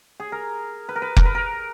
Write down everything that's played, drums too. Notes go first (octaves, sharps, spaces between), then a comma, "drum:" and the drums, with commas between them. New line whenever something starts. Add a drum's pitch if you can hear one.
G#4
A#4
B4
A#4
B4
A#4, drum: kick F1
B4
A#4